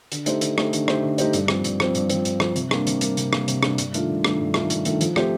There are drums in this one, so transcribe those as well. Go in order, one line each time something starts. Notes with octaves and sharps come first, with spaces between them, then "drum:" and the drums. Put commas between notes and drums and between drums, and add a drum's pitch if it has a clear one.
D3, drum: hi-hat
A3 D#4 G4 C5, drum: hi-hat
D3, drum: hi-hat
A3 D#4 G4 C5, drum: rim click
D3, drum: hi-hat
A3 D#4 G4 C5, drum: rim click
D3
A3 D#4 G4 C5, drum: hi-hat
G2, drum: hi-hat
F3 C4, drum: rim click
G2, drum: hi-hat
F3 C4, drum: rim click
G2, drum: hi-hat
F3 C4, drum: hi-hat
G2, drum: hi-hat
F3 C4, drum: rim click
C3, drum: hi-hat
G3 A#3 D4, drum: rim click
C3, drum: hi-hat
G3 A#3 D4, drum: hi-hat
C3, drum: hi-hat
G3 A#3 D4, drum: rim click
C3, drum: hi-hat
G3 A#3 D4, drum: rim click
G2, drum: hi-hat
D#3 A3 D4 F4, drum: hi-hat
G2
D#3 A3 D4 F4, drum: rim click
G2
D#3 A3 D4 F4, drum: rim click
G2, drum: hi-hat
D#3 A3 D4 F4, drum: hi-hat
F3, drum: hi-hat
A3 C4 G4 C5, drum: rim click